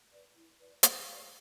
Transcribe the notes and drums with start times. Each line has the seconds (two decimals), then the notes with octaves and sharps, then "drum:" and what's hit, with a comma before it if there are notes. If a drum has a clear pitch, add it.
0.11 B4 D5
0.35 E4
0.59 B4 D5
0.83 E4, drum: hi-hat
1.07 B4 D5